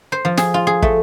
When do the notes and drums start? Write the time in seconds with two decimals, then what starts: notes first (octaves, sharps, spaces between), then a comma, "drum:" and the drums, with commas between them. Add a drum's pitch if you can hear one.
0.12 C5
0.25 F3
0.37 G#4, drum: snare
0.54 F4
0.67 G#4
0.82 A3, drum: kick